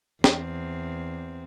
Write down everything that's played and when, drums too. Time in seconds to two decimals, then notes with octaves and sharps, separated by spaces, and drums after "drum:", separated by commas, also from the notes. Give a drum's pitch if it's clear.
0.24 E2 C4, drum: snare